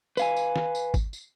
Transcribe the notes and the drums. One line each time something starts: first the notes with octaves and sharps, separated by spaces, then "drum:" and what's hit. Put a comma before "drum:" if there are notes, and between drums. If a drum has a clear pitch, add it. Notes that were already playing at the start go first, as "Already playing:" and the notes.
B4 F5 G#5, drum: tambourine
drum: tambourine
drum: snare
drum: tambourine
drum: kick, tambourine
drum: tambourine